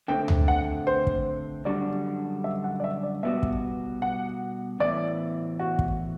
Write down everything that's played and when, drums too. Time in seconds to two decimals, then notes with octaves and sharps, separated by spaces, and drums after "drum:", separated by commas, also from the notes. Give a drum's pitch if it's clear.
0.08 D3 A3 C4 G5
0.28 drum: tom
0.48 F#5
0.87 C5
1.07 drum: kick
1.65 F#2 D3 G3 D4 F#4 D5
2.44 E5
2.64 F#5
2.80 D5
2.84 E5
3.03 D5
3.23 B2 G3 B3 F#4 E5
3.43 drum: kick
4.02 F#5
4.80 A2 E3 B3 E4 D5
5.59 F#4
5.79 drum: kick